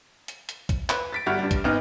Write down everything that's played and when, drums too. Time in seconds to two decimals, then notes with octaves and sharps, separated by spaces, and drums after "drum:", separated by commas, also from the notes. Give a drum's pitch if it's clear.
0.28 drum: hi-hat
0.49 drum: hi-hat
0.69 drum: kick, hi-hat
0.90 B4, drum: clap
1.13 A6 B6 D7
1.26 G1 G3 F#4 F6
1.39 G2 G3
1.51 drum: kick, hi-hat
1.64 G#1 B3 D#4 F6